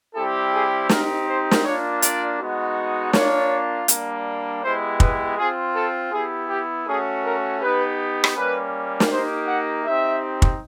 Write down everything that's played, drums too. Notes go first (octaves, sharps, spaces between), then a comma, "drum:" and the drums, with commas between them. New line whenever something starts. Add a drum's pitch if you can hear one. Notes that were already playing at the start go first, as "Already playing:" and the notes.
G3 C4 E4 G4 A4
G#4
C4 D#4 G4 A#4, drum: snare
C5
drum: snare
A#3 D4 F4 C#5
D5, drum: hi-hat
G#3 B3 D#4 F#4
A#3 D4 F4 C#5, drum: snare
G3 A#3 D4, drum: hi-hat
G#3 B3 E4 G4 C5
B4, drum: kick
C4 F4 G#4
A4
B3 E4 G4 G#4
G4
A3 C#4 F#4 G#4
A#4
B3 D#4 G4 B4
drum: rim click
G3 A#3 C#4 B4
drum: snare
A#3 D#4 G4 C5
F#5
C4 D#4 G4 E5
drum: kick